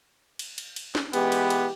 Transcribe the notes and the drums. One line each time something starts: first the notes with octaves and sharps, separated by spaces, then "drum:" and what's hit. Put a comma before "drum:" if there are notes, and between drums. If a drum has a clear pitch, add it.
drum: cymbal
drum: cymbal
drum: cymbal
drum: snare
E3 G#3 B3 G4, drum: cymbal
drum: cymbal
drum: cymbal